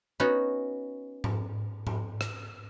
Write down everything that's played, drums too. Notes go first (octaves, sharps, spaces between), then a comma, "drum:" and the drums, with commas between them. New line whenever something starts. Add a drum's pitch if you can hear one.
B3 C#4 D#4 F#4
drum: tom G#2
drum: tom G#2
drum: rim click